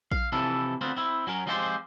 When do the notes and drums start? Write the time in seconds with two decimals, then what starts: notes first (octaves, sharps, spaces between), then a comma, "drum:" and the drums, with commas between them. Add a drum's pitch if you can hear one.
0.12 F5, drum: kick A#1
0.32 C3 E3 F3 E4 A4
0.81 D2 B3 C4 F4
0.97 C4 E4
1.27 F#3 C#4 A#4
1.47 F3 G#3 C4 F4 G4 C5